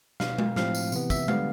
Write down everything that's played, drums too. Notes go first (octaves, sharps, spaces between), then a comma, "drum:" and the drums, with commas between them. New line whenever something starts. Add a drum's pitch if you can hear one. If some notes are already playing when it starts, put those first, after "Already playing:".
B2 B3 F5, drum: snare
drum: tom G#3
A2 F3 C4 F5, drum: snare
drum: tambourine
C3 E3 B3, drum: tambourine
E5, drum: kick, tambourine
D3 G3 B3 F5, drum: tom G#3